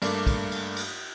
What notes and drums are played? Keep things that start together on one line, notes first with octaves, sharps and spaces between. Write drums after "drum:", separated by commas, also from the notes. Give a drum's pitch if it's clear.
G2 A3 A#3 D4, drum: cymbal
drum: kick, cymbal
drum: cymbal
drum: cymbal